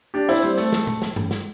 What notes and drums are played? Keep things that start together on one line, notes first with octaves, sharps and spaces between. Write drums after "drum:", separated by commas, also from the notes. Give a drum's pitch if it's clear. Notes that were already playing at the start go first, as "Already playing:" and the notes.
D4 G4
C4 E4, drum: open hi-hat
G3 C4
A3, drum: open hi-hat
drum: snare
drum: tom A#2
drum: snare
drum: tom G2
drum: snare